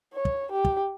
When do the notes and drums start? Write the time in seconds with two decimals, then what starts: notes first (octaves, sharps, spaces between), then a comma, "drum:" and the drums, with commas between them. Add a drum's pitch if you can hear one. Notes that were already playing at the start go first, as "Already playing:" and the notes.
0.14 C#5
0.25 drum: kick
0.51 G4
0.65 drum: kick